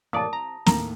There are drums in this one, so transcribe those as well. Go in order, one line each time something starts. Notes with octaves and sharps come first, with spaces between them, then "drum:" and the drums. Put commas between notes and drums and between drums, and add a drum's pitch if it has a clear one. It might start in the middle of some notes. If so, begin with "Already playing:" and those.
A2 C3 E3 A#3 D5 A5 D#6
C4 A#5
D#2 A2 D#3 A#3 A#5, drum: snare